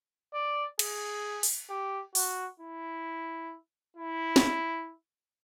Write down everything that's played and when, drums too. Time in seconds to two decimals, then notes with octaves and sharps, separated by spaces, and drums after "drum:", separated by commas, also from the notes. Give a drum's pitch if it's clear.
0.34 D5
0.79 G#4, drum: cymbal
1.43 drum: open hi-hat
1.70 G4
2.15 F#4, drum: open hi-hat
2.60 E4
3.97 E4
4.36 drum: snare